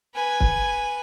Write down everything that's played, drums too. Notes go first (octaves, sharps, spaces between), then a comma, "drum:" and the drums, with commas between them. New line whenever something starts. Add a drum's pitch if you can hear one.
B4 G#5
drum: kick